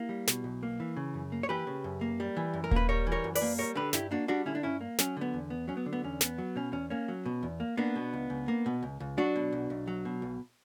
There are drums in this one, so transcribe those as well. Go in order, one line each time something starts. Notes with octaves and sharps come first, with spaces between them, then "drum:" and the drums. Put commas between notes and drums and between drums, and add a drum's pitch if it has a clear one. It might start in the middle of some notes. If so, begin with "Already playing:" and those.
Already playing: A#3 E4 G4
G3
B2, drum: snare
B1
A#3
E3
C#3
F#2
A#3
C#5
E3 G4 B4
C#3
F#2
A#3
G3
E3
F#2
A#4
A#3 B4, drum: kick D#1
G3 A#4 C#5
E3
A#4 C#5
F#2
B4 D5, drum: open hi-hat
A#3
G3 A#4 C#5
D3 G4 B4
G2 E4 G4, drum: snare
A#3 D4 F#4
G3 D4 F#4
D3 C#4 E4
D4
G2 C#4 E4
A#3
F#3 C#4, drum: snare
D3 B3
E2
B3
F#3 C#4
B3
D3
B3
E2 C#4
B3, drum: snare
F#3
B2 C#4
E2 C#4
A#3 C#4
F#3
B2
E2
A#3
A#3 B3 D4
B2
C#2
C#2
A#3
B2
C#2
C#2
F#3 D4 F#4
B2
B1
B1
F#3
B2
B1